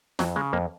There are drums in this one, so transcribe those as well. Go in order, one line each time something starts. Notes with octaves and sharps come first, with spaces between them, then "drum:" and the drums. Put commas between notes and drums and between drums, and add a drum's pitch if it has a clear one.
F2 F#3, drum: snare
C#3 G#3
F2 A#3